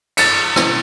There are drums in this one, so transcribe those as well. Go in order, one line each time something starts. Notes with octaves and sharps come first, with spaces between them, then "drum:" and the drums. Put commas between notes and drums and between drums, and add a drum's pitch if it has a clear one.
A6 C#7, drum: cymbal
drum: rim click